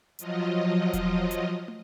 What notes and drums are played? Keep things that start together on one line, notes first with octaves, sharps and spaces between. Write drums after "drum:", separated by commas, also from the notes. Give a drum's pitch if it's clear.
F3 F#3 F4 D#5, drum: hi-hat
drum: kick E1, hi-hat
drum: hi-hat
drum: tom